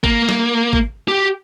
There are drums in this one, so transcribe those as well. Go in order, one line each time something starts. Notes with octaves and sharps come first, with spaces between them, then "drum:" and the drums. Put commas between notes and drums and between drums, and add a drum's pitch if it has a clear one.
A#3, drum: kick
drum: snare
drum: kick
G4